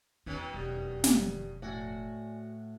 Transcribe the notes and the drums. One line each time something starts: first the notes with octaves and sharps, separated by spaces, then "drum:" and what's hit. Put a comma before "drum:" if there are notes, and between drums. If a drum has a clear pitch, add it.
E2 B2 D#3 C#4
E1 F2 F#3 G4 D5
drum: snare
A2 F#4 D5 G#5